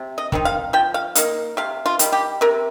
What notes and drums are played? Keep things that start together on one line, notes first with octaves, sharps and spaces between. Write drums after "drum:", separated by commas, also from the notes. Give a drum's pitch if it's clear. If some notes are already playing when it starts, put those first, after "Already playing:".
Already playing: C3
D#5
D#3 C4 D#4, drum: kick
F5
F3 G5
F5
A#3 D#4 F5, drum: hi-hat
C3 F5
F4
D#3 G3, drum: hi-hat
G4
C3 A#4